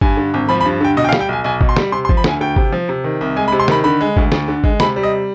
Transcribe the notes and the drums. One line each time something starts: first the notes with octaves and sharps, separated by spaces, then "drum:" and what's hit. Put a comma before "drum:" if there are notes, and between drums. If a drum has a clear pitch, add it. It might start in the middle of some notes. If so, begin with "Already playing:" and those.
G2 G#5, drum: kick G#1
D3
G#1
F3 B5
B5
G2
D3 G5
B2 D#5
G5
F5
G3, drum: snare
G5
B1 G#5
B1 G#5
B2, drum: kick G#1
C6
G3, drum: snare
C3 C6
C6
F3, drum: kick G#1
B5
D2 G#5, drum: snare
D2 G5
C3, drum: kick G#1
F3
C3
D#3
C2
G#3 G#5
B5
C3
C6
D#3 B5, drum: snare
D3 B5
G#3
D2, drum: kick G#1
D2, drum: snare
D3
G#3, drum: kick G#1
C3 B5, drum: snare
G3
D#5